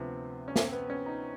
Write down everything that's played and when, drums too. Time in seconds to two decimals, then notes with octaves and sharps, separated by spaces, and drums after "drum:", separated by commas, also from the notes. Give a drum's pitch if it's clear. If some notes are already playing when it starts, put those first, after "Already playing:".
Already playing: D2 C3 F3 B3
0.48 C#4
0.56 C4, drum: snare
0.68 C4
0.73 B3
0.90 C#4
1.06 D#4